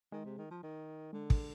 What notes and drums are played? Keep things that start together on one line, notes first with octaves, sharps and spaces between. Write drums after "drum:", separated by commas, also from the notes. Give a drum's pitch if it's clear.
D#3 G#3
C3
D#3
F3
D#3
D3 G#3
drum: kick